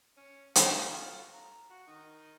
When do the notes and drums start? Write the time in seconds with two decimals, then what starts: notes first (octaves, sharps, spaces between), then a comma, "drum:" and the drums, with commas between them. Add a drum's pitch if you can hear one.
0.17 C#4
0.55 F4 F#4 A4, drum: hi-hat
1.33 A#5
1.70 F#4
1.88 D#3 D#5